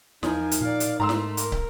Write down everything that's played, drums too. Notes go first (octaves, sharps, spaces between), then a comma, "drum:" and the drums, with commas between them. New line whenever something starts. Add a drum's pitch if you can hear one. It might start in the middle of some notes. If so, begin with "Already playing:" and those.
E2 F3 D#4 A#4 G#5, drum: snare
drum: hi-hat
A#2 D5 F5
drum: hi-hat
G#2 A3 A#5 C6 E6
drum: snare
A#4 D6, drum: hi-hat
drum: kick